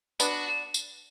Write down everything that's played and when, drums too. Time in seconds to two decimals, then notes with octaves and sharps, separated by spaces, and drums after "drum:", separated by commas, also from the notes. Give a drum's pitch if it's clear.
0.20 B3 D4 F#4, drum: tambourine
0.74 drum: tambourine